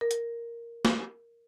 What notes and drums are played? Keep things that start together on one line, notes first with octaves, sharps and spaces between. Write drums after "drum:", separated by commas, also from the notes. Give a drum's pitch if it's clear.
A#4
drum: hi-hat
drum: snare